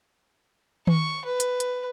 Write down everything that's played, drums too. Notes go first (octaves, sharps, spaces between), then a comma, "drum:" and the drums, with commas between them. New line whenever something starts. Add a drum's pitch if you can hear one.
C#6, drum: tom D#3
B4
drum: hi-hat
drum: hi-hat